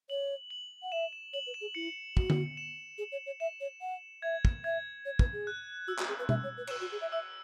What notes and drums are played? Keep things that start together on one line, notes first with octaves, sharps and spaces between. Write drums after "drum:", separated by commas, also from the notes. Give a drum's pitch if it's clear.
C#5 F#7
F#7
F#5
E5 E7
E7
C#5 F#7
B4
E7
G#4
E4 C#7
F#4, drum: kick
drum: tom D3
E7
G#4
C#5
C#5
E5 E7
C#5
F#5
E5 G#6
drum: kick
E5 G#6
C#5
B4, drum: kick
G#4
F#6
F#4 E6
F#4, drum: clap
G#4
B4
E5, drum: tom B2
C#5
B4
C#5, drum: cymbal
B4 E6
F#4
G#4
E5
E5 E6